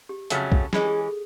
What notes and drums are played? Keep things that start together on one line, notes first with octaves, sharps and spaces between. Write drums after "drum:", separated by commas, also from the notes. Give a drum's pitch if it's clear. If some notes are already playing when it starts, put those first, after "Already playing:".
G4
F2 C#3 F#3 A3 C#4, drum: hi-hat
drum: kick
E3 G#3 C#4 G#4, drum: snare
G4
G#4
G#4
A4